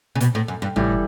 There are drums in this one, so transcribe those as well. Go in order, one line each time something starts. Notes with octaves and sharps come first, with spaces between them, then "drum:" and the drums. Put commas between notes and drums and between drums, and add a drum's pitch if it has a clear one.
C#3
B2, drum: hi-hat
A2
F#2
G2
A2 E3 G3, drum: tom